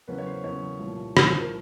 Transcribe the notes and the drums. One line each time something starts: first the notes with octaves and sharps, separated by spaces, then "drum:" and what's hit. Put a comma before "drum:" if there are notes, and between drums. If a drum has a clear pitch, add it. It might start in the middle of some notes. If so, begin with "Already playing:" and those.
E2 C#3 F#3 A#3 C#4 B4
C#5
C5
E2 C#3 F#3 A#3 C#4 C#5
C2 A#2 F3
C2 A#2 F3, drum: rim click
C5
A#4